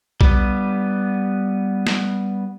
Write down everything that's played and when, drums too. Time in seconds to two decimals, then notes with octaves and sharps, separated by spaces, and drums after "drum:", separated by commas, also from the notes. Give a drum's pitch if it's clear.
0.21 G3 B3, drum: kick B1
1.87 drum: snare